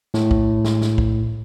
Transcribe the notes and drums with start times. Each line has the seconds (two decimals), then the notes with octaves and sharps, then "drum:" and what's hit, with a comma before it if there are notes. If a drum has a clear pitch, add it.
0.14 A2, drum: snare
0.31 drum: kick
0.64 drum: snare
0.81 drum: snare
0.98 drum: kick